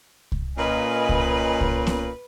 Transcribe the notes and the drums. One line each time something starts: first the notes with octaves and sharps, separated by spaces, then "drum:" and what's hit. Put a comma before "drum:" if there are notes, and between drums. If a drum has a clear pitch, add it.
drum: kick C2
A#2 C#4 B4 D#5 G#5
drum: kick C2
drum: kick C2
drum: snare B3